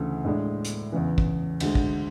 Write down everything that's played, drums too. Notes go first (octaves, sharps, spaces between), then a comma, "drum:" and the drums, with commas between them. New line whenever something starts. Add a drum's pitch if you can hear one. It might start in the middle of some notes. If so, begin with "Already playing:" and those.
Already playing: D2 C#3 E3 A3
A2 G#3 D4
drum: hi-hat
E2 C#3 E3
drum: kick
D2 D3 G#3, drum: cymbal
drum: kick